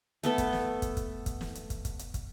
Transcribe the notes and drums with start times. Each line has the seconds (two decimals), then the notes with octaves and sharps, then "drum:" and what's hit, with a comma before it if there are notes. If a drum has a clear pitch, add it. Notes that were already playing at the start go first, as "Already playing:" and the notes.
0.23 A3 B3 A4, drum: hi-hat
0.38 drum: kick, hi-hat
0.53 drum: snare
0.82 drum: kick, hi-hat
0.97 drum: kick, hi-hat
1.26 drum: kick, hi-hat
1.41 drum: snare
1.55 drum: hi-hat
1.70 drum: kick, hi-hat
1.85 drum: kick, hi-hat
1.99 drum: hi-hat
2.14 drum: kick, hi-hat